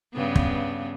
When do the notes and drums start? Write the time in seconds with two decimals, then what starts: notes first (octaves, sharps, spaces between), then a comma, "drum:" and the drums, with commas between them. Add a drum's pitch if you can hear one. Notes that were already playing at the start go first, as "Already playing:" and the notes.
0.14 G2 C#3 B3
0.36 drum: kick